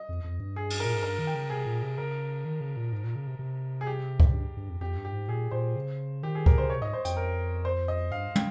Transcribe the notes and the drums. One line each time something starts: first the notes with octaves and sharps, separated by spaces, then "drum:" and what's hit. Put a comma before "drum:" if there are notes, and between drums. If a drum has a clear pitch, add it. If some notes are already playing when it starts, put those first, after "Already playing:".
Already playing: D#5
F2
F2
G2
G#4
drum: cymbal
A#2 A#4
G#2
G2 A#4
D#3
G5
C#3
C3 G#4
A#2
C3
C#3 A#4
D#3
C#3
A#2
G#2
A#2
C#3
C3
C3
G#4
G4
drum: kick C#2
G2
G2
F2
F2 G4
G2
G4
G#2
A#2 G#4
A#2 C5
C#3
D#3 G4
G#4
C#3 A#4, drum: kick C#2
C5
C3 C#5
G#2 D#5
C5
F2 G5, drum: hi-hat
A#4
C5
D#5
G2 F5
G5, drum: tom